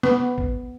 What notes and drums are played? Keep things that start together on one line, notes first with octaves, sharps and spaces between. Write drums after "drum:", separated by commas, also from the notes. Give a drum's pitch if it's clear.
B3, drum: snare C#3
drum: kick